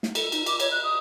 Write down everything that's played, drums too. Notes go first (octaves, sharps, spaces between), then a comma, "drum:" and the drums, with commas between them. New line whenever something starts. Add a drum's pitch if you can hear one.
drum: snare
A4, drum: cymbal
D#4, drum: cymbal
D6, drum: cymbal
C#5, drum: cymbal
F#6
D#6